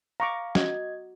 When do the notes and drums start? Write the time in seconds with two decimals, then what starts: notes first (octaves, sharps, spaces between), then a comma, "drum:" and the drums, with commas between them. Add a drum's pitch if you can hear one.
0.20 F5 A#5 C#6 D6
0.55 F#4 D#5 G#6, drum: snare